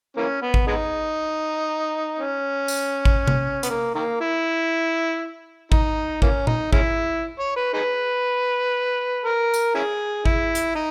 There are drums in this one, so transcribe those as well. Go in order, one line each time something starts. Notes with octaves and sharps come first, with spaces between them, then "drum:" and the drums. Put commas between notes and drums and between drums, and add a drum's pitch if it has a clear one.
E3 A#3 C#4
B3
drum: kick A1
G#3 B3 D#4
C#4
drum: tambourine
drum: kick A1
drum: tom C3
B3, drum: hi-hat
A#3
D#3 A#3
E4
D#4, drum: kick A1
E3 A#3 C#4, drum: kick A1
D#4, drum: tom A#2
G#3 C#4 E4, drum: kick A1
C#5
B4
D#4 G#4 B4
A#4
drum: tambourine
C#4 E4 G#4
E4, drum: kick A1
drum: hi-hat
D#4